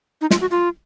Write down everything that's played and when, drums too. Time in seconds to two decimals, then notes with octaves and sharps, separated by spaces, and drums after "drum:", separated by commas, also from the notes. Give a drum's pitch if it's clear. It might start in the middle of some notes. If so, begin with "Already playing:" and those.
0.21 D#4
0.31 F4, drum: snare
0.41 F#4
0.51 F4